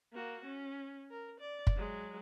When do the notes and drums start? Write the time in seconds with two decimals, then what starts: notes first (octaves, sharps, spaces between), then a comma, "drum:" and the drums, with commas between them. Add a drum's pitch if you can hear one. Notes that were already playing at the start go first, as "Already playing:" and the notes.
0.13 A#3 F#4
0.45 C#4
1.11 A#4
1.40 D5
1.67 drum: kick
1.76 F#3 G#3